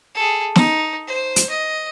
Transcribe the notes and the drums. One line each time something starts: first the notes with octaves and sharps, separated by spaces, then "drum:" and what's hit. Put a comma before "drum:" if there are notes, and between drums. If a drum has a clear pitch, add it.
G#4 A4
D#4, drum: snare
C5
drum: hi-hat
D#5